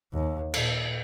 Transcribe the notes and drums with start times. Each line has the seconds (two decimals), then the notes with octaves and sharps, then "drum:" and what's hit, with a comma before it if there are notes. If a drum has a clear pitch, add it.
0.13 D#2
0.54 A#2, drum: cymbal